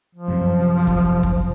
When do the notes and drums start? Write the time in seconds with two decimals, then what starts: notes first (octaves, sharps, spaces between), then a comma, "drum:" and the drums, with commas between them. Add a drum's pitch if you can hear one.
0.15 F3
0.28 F#2 C3
0.87 drum: kick
1.23 drum: kick